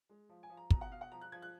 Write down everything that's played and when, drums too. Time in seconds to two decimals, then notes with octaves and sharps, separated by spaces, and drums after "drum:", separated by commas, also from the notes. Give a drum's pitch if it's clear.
0.09 G#3
0.29 F3
0.43 G#5
0.50 F3
0.57 A#5
0.70 B2 A#5, drum: kick
0.81 F#5
0.91 B2 F5
1.01 F#5
1.12 F3 A#5
1.21 F#6
1.32 F3 G#6
1.42 F#6